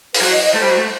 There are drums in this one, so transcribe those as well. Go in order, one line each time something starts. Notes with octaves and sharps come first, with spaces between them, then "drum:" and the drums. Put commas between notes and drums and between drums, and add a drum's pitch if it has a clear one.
B4, drum: open hi-hat
F#3 C5
D#5
D#5
A3 C5
G3
F#3
A3